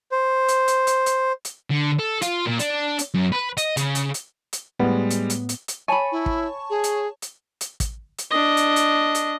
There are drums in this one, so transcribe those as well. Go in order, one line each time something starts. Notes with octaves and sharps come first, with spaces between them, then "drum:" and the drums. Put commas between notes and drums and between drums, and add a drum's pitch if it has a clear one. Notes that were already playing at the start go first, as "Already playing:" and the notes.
C5
drum: hi-hat
drum: hi-hat
drum: hi-hat
drum: hi-hat
drum: hi-hat
D3
A4
F4, drum: hi-hat
A#2
D4, drum: hi-hat
drum: hi-hat
F#2
B4
D#5, drum: hi-hat
C#3, drum: hi-hat
drum: hi-hat
drum: hi-hat
drum: hi-hat
A2 G3 G#3 B3
drum: hi-hat
drum: hi-hat
drum: hi-hat
drum: hi-hat
C#5 G#5 A5 B5 C#6
E4
drum: kick
G#4
drum: hi-hat
drum: hi-hat
drum: hi-hat
drum: kick, hi-hat
drum: hi-hat
D4 D#5
drum: hi-hat
drum: hi-hat
drum: hi-hat